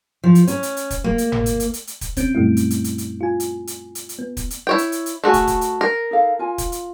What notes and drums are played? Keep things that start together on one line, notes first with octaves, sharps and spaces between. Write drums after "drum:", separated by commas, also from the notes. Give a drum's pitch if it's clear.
F3
drum: hi-hat
C#4, drum: hi-hat
drum: hi-hat
drum: hi-hat
drum: kick, hi-hat
A#3, drum: kick
drum: hi-hat
drum: tom G1
drum: hi-hat
drum: hi-hat
drum: hi-hat
drum: hi-hat
drum: kick, hi-hat
B1 C4 C#4 G6 D7, drum: kick, hi-hat
F#2 A#2 G3 A3 E4
drum: hi-hat
drum: hi-hat
drum: hi-hat
drum: hi-hat
F4 G#5
drum: hi-hat
drum: hi-hat
drum: hi-hat
drum: hi-hat
B3
drum: kick, hi-hat
drum: hi-hat
E4 C#5 G5
drum: hi-hat
drum: hi-hat
drum: hi-hat
A3 F#4 G#4 G#5
drum: kick, hi-hat
drum: kick, hi-hat
drum: hi-hat
A#4
D#4 A4 F5
F4 G#5
drum: kick, hi-hat
drum: hi-hat